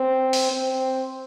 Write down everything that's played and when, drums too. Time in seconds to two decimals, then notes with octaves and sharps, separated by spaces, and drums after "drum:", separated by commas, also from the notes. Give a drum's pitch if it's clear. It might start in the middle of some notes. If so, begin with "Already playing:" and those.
Already playing: C4
0.33 drum: open hi-hat
0.51 C4